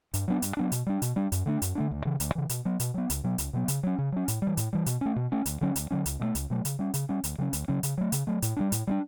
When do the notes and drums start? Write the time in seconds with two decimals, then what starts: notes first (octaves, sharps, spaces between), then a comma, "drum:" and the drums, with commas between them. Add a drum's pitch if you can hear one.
0.14 G2, drum: hi-hat
0.28 F#3 B3 D4
0.42 G2, drum: hi-hat
0.57 F#3 B3 D4
0.72 B2, drum: hi-hat
0.86 G3 D4
1.02 B2, drum: hi-hat
1.16 G3 D4
1.32 F#2, drum: hi-hat
1.46 D3 A3 D4
1.62 F#2, drum: hi-hat
1.75 D3 A3 D4
1.91 D2
2.05 C#3 E3
2.20 D2, drum: hi-hat
2.35 C#3 E3
2.49 B2, drum: hi-hat
2.65 F#3 B3
2.80 B2, drum: hi-hat
2.94 F#3 B3
3.10 C#2, drum: hi-hat
3.24 B2 F#3 B3
3.38 C#2, drum: hi-hat
3.53 B2 F#3 B3
3.68 C#3, drum: hi-hat
3.83 F#3 C#4
3.98 C#3
4.12 F#3 C#4
4.28 A2, drum: hi-hat
4.42 G3
4.47 E3
4.57 A2, drum: hi-hat
4.73 E3 G3
4.86 B2, drum: hi-hat
5.01 A3 C#4
5.16 B2
5.32 A3 C#4
5.46 D2, drum: hi-hat
5.61 D3 F#3 C#4
5.76 D2, drum: hi-hat
5.91 D3 F#3 C#4
6.06 C#2, drum: hi-hat
6.20 B2 F#3 A3
6.35 C#2, drum: hi-hat
6.50 B2 F#3 A3
6.65 C#3, drum: hi-hat
6.79 G3 C#4
6.94 C#3, drum: hi-hat
7.09 G3 C#4
7.24 D2, drum: hi-hat
7.38 C#3 F#3 C#4
7.53 D2, drum: hi-hat
7.68 C#3 F#3 C#4
7.83 C#3, drum: hi-hat
7.98 F#3 A3
8.12 C#3, drum: hi-hat
8.27 F#3 A3
8.42 A2, drum: hi-hat
8.57 G3 B3 D4
8.72 A2, drum: hi-hat
8.87 G3 B3 D4